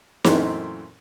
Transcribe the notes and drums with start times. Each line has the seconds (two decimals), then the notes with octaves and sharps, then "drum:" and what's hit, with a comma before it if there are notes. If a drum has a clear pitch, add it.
0.24 F#2 A#2 E3 A3 C4, drum: snare